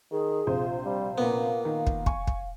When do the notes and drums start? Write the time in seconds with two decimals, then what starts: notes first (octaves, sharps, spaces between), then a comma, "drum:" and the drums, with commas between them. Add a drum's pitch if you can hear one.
0.12 D#3 G#4
0.47 A#1 C3 F4 C5
0.84 G3 F5
1.18 A#2 A#3 B3
1.65 D#3
1.87 drum: kick
2.06 G#5 C#6, drum: kick
2.27 drum: kick